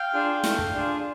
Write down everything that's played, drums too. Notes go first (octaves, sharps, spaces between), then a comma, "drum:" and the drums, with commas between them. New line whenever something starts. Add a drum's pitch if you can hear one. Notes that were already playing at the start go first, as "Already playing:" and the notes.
Already playing: F5 G5
D4 F4 G#4
A3, drum: snare
drum: kick
D4 F4 G#4